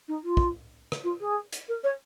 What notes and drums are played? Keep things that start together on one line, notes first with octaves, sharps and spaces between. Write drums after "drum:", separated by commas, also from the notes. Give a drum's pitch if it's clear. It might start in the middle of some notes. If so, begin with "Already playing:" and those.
D#4
F4
drum: kick
drum: rim click
F4
G#4
drum: hi-hat
A#4
C#5